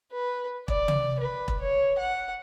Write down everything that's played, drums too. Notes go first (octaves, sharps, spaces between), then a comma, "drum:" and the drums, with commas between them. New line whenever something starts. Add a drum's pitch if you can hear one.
B4
D5, drum: kick E1
drum: tom
B4
drum: kick E1
C#5
F#5